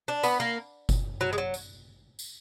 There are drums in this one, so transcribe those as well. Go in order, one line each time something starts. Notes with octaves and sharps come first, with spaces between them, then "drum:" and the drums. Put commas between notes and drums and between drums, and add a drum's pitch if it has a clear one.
D4
B3, drum: tambourine
A#3
drum: kick F#1, tambourine
F#3
G#3
F#3
drum: tambourine
drum: tambourine